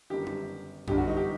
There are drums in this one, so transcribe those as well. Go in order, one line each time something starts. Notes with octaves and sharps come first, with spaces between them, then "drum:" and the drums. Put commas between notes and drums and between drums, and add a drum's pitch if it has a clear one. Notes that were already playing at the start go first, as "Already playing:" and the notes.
G1 F#2 D#3 G4
drum: tom D4
G1 G2 D3 G4, drum: tom F2
F#4
D#4
G4